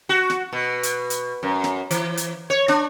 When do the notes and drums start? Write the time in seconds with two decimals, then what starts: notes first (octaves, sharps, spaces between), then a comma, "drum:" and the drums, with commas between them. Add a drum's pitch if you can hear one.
0.09 F#4
0.30 drum: snare
0.53 B2
0.83 drum: hi-hat
1.10 drum: hi-hat
1.43 F#2
1.64 drum: snare
1.91 E3, drum: hi-hat
2.17 drum: hi-hat
2.50 C#5
2.68 D4, drum: snare